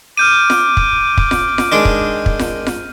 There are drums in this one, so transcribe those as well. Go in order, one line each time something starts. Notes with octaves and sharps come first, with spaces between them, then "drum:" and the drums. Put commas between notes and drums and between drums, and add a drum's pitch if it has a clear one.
D6 F6 G6 D#7
drum: snare F4
drum: kick
drum: kick
drum: snare F4
drum: snare F4
D#3 G#3 D4
drum: kick
drum: kick
drum: snare F4
drum: snare F4